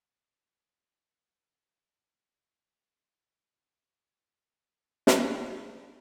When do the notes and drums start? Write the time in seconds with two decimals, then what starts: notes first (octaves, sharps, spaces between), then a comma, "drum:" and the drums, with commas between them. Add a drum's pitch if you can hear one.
0.21 A#4
0.33 A#3
0.61 G#4
0.89 F5
1.07 G#3
1.22 A#5
1.53 E5
2.21 E4
2.35 C#3
2.59 A4
5.07 drum: snare
5.56 E1 D#3 G#5 A#5